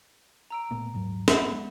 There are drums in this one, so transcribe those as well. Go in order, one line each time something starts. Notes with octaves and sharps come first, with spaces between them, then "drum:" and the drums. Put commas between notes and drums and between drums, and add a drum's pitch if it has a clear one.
A#5 E6 D7
A#2 A3 B3
D#1 G#2 F#3
E5 F#5 B5, drum: snare
G#3 B3